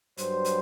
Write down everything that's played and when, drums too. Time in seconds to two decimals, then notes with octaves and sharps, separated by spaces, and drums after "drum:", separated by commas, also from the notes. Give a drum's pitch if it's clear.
0.17 G2 F#3 C5, drum: hi-hat
0.45 drum: hi-hat